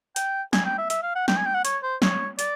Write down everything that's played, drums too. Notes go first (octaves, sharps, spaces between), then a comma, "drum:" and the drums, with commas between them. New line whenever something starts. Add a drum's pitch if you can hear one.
G5, drum: hi-hat
G#5, drum: snare
G5
E5
E5, drum: hi-hat
F5
F#5
G5, drum: snare
G#5
G5
F#5
C#5, drum: hi-hat
C5
C#5, drum: snare
D5, drum: hi-hat